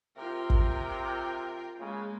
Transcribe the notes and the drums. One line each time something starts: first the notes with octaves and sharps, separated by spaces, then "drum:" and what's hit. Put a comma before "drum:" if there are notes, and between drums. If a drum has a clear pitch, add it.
C3 F4 A#4 G5
drum: kick
C#3 G#3 A#3